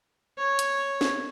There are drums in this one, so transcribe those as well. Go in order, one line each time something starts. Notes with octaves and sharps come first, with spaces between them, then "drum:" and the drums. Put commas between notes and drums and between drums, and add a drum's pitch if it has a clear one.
C#5
drum: hi-hat
drum: snare